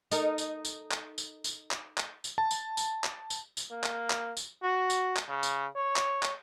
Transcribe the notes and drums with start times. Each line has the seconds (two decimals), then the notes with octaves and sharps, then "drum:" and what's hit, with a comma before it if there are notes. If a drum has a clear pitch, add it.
0.11 D#4 A4 A#4, drum: tambourine
0.38 drum: tambourine
0.65 drum: tambourine
0.91 drum: clap
1.18 drum: tambourine
1.44 drum: tambourine
1.71 drum: clap
1.97 drum: clap
2.24 drum: tambourine
2.38 A5
2.51 drum: tambourine
2.77 drum: tambourine
3.04 drum: clap
3.30 drum: tambourine
3.57 drum: tambourine
3.71 A#3
3.83 drum: clap
4.10 drum: clap
4.37 drum: tambourine
4.63 F#4
4.90 drum: tambourine
5.16 drum: clap
5.29 C#3
5.43 drum: tambourine
5.76 C#5
5.96 drum: clap
6.23 drum: clap